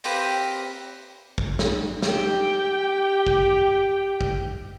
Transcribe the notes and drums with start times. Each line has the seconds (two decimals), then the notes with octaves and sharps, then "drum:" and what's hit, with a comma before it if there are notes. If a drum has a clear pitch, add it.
0.04 A#3 C4 G4 B4, drum: open hi-hat
1.38 drum: kick
1.59 drum: snare
2.02 G4 G5, drum: snare
3.26 drum: kick
4.21 drum: kick